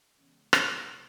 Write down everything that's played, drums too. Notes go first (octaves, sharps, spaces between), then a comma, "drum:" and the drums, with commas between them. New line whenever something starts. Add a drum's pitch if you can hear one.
C#3 E3 G#3 B3 C#4
F#1 C2 A2 C3 G#3 A3, drum: rim click